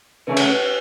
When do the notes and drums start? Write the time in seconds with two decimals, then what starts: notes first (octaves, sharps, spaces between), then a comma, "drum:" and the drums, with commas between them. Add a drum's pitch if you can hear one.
0.27 C#3 A3 C#4 B4
0.37 C#5, drum: cymbal
0.45 B4